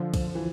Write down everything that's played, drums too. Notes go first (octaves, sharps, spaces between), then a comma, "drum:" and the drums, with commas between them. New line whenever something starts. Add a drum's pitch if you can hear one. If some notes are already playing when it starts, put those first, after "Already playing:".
Already playing: D3 F3
drum: kick, cymbal
E3